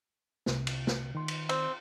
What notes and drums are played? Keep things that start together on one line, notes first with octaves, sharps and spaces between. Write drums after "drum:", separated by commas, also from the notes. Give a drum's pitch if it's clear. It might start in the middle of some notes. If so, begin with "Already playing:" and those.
C2 C3, drum: snare
drum: cymbal
drum: snare
D#3 C6
drum: cymbal
C4, drum: cymbal